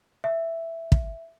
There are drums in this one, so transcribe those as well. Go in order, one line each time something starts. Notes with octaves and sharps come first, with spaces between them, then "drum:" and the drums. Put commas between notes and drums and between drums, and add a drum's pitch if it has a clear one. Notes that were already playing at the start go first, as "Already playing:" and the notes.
E5
drum: kick